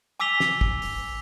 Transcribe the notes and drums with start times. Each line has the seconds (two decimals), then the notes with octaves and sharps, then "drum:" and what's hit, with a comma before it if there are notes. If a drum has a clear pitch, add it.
0.20 G#5 D6 E6 B6 F7 G7
0.40 drum: snare
0.61 drum: kick
0.82 drum: open hi-hat